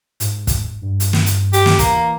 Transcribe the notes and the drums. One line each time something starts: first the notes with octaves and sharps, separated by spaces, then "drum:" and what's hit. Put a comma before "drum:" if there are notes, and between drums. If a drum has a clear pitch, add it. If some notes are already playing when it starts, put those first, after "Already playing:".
G#2, drum: hi-hat
drum: kick, hi-hat
G2
drum: hi-hat
drum: snare
drum: hi-hat
G4, drum: hi-hat
drum: snare
E3 A#3, drum: kick, hi-hat